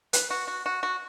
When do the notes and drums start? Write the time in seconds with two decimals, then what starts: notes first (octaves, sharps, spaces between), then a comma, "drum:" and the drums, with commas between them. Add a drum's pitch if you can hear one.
0.13 B4, drum: hi-hat
0.30 F#4
0.47 F#4
0.66 F#4
0.83 F#4